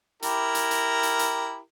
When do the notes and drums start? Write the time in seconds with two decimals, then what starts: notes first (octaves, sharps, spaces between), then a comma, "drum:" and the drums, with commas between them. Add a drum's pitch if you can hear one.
0.22 E4 G4 A#4, drum: hi-hat
0.55 drum: hi-hat
0.71 drum: hi-hat
1.03 drum: hi-hat
1.19 drum: hi-hat